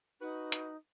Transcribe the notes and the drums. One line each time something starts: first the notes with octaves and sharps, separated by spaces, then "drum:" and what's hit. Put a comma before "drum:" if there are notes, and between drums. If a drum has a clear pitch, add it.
D#4 F#4 B4
drum: hi-hat